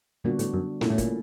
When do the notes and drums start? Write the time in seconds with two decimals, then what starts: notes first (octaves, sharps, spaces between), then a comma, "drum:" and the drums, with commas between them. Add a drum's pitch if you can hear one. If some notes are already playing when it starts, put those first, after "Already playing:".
0.24 A#2 D3 G3 B3 D4 F#4
0.39 A2, drum: hi-hat
0.54 F#2
0.81 A#2 A3 C#4 E4 A4, drum: snare
0.90 A2
0.98 A#2, drum: kick, hi-hat